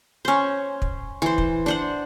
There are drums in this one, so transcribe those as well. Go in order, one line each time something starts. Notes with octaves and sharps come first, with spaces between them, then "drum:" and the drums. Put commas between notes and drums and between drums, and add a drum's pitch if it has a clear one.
C#4 C5
drum: kick
E3 C5
drum: kick
D4 C5 F#5